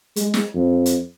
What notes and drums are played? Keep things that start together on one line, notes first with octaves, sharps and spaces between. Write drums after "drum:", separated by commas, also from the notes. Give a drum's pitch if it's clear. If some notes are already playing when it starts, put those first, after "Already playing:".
G#3, drum: hi-hat
drum: snare
F2
drum: hi-hat